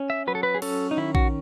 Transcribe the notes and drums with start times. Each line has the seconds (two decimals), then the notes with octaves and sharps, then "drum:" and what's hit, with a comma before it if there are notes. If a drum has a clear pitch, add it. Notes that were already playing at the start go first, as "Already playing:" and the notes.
Already playing: C#4
0.10 E5
0.27 F#3 B4
0.35 A4
0.43 B4
0.55 G#4
0.62 C#4 A4, drum: cymbal
0.91 D#4
0.97 D#3 E4
1.15 F#4, drum: kick A#1